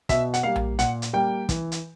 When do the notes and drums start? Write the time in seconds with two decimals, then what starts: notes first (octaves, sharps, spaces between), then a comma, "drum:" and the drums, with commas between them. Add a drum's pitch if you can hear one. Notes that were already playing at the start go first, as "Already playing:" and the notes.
0.09 B2 E5, drum: kick, hi-hat
0.34 F#5, drum: hi-hat
0.43 G3 A#3 F5
0.56 drum: tom A#1
0.79 A#2 F#5, drum: hi-hat
1.02 drum: hi-hat
1.13 G3 A#3 G5
1.49 E3, drum: kick, hi-hat
1.72 drum: hi-hat